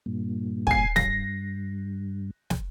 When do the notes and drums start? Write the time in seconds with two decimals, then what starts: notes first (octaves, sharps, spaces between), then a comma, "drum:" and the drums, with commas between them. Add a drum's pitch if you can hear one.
0.06 G2 A#2
0.67 G#5 C7, drum: kick
0.96 G2 A#6, drum: snare
2.50 drum: snare